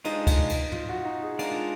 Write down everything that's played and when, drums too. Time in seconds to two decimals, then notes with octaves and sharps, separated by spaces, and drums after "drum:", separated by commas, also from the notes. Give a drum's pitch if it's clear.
0.05 G#3 D4 D#4 F4, drum: cymbal
0.27 drum: kick C#2, cymbal
0.49 drum: cymbal
0.72 F4, drum: tom
0.89 F#4
1.05 D#4
1.23 G#4
1.39 G#3 D4 F4 A#4, drum: cymbal